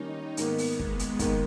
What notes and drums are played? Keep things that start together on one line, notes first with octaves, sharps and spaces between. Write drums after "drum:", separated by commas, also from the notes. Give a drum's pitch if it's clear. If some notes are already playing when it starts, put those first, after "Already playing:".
Already playing: D#3 G3 A#3 C#4 D#4
G#2 D#3 A#3 B3, drum: hi-hat
drum: open hi-hat
G#3, drum: kick
drum: hi-hat
G#2 D#3 A#3, drum: kick, hi-hat